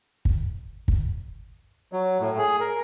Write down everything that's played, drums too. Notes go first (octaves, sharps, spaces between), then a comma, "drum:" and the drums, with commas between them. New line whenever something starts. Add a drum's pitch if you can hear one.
drum: kick
drum: kick
F#3
A2
G#4
A#4